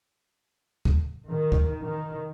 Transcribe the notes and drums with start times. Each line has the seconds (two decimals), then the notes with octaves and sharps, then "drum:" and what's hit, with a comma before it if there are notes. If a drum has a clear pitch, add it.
0.85 drum: kick
1.30 D#3
1.52 drum: kick
1.82 D#3